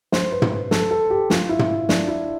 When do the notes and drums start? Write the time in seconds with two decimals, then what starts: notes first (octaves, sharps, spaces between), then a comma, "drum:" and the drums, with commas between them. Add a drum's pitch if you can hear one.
0.12 C5, drum: snare
0.32 B4
0.42 drum: tom
0.52 B4
0.71 A4, drum: snare
0.91 A4
1.10 G4
1.30 F4, drum: snare
1.49 E4
1.59 drum: tom
1.89 D4, drum: snare
2.08 E4